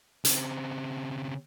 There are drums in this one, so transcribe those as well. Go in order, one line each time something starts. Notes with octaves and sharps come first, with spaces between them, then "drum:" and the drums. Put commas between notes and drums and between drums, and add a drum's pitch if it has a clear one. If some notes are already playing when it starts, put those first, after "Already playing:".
C#3 C4, drum: hi-hat